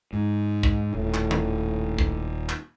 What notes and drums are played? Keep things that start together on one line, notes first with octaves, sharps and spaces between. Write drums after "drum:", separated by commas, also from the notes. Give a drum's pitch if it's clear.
G#2
drum: kick
D#1 A2
drum: clap
drum: tom
drum: kick
drum: clap